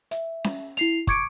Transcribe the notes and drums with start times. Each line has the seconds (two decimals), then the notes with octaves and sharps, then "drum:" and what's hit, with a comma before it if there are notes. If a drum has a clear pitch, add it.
0.11 E5, drum: hi-hat
0.44 drum: snare C#4
0.77 E4 C7 F7, drum: hi-hat
1.07 C#6 D6 G#6 C#7 D7, drum: kick, hi-hat